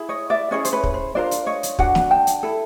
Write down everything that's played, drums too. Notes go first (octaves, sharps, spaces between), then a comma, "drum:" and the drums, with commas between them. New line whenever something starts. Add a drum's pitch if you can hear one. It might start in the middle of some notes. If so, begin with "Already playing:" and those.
Already playing: E4 G#4
C#5 D#5
D5 E5
C#4 E4 G#4 C#5 D#5
C5, drum: hi-hat
B4 C#5
drum: kick
C5
D4 F4 A#4 C5 D5
drum: hi-hat
C#5 D#5
drum: hi-hat
D4 F#4 A#4 F#5 G#5, drum: kick
drum: snare
G5 A5
drum: hi-hat
E4 A4